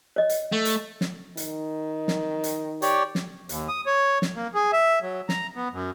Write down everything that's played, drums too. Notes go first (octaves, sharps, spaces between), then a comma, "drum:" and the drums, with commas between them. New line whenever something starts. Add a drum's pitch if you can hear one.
C#5 D#5
drum: hi-hat
A3
drum: hi-hat
drum: snare
D#3, drum: hi-hat
drum: snare
drum: hi-hat
G4 C#5 D5, drum: hi-hat
drum: snare
D#2, drum: hi-hat
D#6
C#5
drum: snare
A#3
G#4
E5
F#3
A#5, drum: snare
B3
F#2